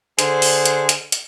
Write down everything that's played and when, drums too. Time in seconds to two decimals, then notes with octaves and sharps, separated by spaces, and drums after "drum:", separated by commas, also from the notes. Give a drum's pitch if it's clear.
0.19 D3 D4 G#4 C5, drum: hi-hat
0.42 drum: open hi-hat
0.65 drum: hi-hat
0.89 drum: hi-hat
1.12 drum: hi-hat